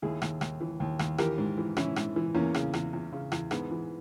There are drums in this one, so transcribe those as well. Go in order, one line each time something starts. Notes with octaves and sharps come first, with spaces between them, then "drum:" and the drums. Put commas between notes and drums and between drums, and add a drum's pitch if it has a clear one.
D#2 E4 G#4
D#2, drum: rim click
D#2, drum: rim click
E3
D#2
D#2, drum: rim click
E3 G4 A#4, drum: rim click
G#2
E3
E3 C#4 E4, drum: rim click
G#2, drum: rim click
E3
E2 A#3 C#4
C#3, drum: rim click
E2, drum: rim click
E2
C#3
E2, drum: rim click
G#2 G#3 B3, drum: rim click
E3